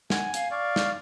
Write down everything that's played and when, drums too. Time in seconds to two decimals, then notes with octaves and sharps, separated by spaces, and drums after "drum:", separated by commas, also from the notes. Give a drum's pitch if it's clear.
0.10 F#5 G#5, drum: snare
0.34 F5, drum: hi-hat
0.51 D5 F5 C#6
0.76 drum: snare